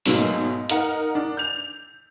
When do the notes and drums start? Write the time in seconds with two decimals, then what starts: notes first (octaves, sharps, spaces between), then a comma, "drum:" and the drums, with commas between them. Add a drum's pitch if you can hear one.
0.06 G#2 B2 F#3 A3 A#3, drum: open hi-hat
0.70 D#4 A#4 F#5, drum: hi-hat
1.15 D4
1.37 G6 F7